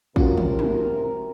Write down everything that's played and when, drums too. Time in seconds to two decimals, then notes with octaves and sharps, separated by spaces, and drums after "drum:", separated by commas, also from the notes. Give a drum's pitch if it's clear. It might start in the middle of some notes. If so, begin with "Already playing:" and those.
0.16 C3 C#4 F4 F#4 A#4, drum: kick
0.37 drum: tom
0.59 drum: tom